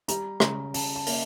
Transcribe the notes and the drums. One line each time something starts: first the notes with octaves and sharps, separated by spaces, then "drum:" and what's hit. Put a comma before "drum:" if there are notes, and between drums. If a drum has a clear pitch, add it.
G3 A#5, drum: hi-hat
C#3 A#5, drum: rim click
C#3 A5, drum: open hi-hat
A5
A#3, drum: open hi-hat